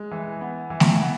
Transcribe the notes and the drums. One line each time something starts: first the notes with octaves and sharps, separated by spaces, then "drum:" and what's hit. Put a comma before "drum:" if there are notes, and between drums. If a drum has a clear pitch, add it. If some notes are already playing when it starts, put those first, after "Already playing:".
Already playing: G#3
E3
B3
E3
drum: snare A3
B3